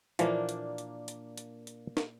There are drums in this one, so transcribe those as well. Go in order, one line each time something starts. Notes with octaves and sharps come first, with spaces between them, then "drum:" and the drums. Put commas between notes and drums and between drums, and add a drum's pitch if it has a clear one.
A#2 E3 F3 A#3 D4, drum: hi-hat
drum: hi-hat
drum: hi-hat
drum: hi-hat
drum: hi-hat
drum: hi-hat
drum: snare